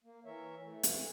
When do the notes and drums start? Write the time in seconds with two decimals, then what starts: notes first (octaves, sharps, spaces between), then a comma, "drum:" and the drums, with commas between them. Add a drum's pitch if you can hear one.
0.04 A#3
0.25 E3 A#4 C#5 E5
0.63 E3 A3
0.83 drum: hi-hat